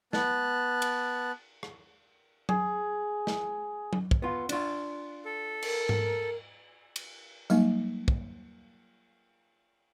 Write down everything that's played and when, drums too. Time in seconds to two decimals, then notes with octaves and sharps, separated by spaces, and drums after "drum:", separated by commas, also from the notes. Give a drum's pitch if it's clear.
0.13 B3 A5 F#6, drum: snare
0.82 drum: cymbal
1.63 drum: rim click
2.49 G#4, drum: tom F#3
3.27 drum: snare
3.93 drum: tom F#3
4.11 drum: kick
4.22 B3 F4
4.49 D4 F4, drum: cymbal
5.25 A4
5.62 A#4, drum: cymbal
5.89 drum: tom G#2
6.96 drum: cymbal
7.50 F#3 G3 A#3 D#4, drum: tambourine
8.08 drum: kick